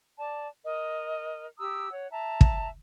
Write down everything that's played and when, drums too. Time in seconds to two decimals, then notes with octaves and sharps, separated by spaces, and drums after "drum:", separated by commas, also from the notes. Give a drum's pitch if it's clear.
0.18 D5 A5
0.64 A#4 D#5
1.58 G4 A#5 D#6 E6
1.90 C#5 F#5
2.11 E5 A5 A#5
2.41 drum: kick